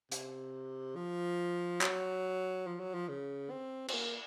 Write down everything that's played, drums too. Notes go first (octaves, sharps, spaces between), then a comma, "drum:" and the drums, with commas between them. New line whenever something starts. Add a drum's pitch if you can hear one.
C3, drum: hi-hat
F3
F#3, drum: clap
F3
F#3
F3
C#3
C4
C4, drum: cymbal
A#3